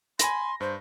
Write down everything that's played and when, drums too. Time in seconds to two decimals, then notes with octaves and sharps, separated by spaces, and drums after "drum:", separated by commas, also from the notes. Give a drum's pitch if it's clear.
0.19 G#5 B5 C6 A#6, drum: hi-hat
0.60 G2 C5